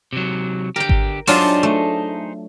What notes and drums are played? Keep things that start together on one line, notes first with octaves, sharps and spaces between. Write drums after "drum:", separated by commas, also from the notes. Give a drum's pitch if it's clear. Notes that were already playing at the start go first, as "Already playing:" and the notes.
C3 F#3
D3 G4 A#4 G5
drum: kick G#1
F#3 D4 D#4 F4 G#4 C5, drum: open hi-hat
A3